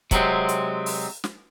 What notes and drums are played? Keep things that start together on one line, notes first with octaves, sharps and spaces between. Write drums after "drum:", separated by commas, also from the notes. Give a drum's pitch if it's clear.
C3 F#3 G#3 C4, drum: kick, hi-hat
drum: hi-hat
drum: open hi-hat
drum: snare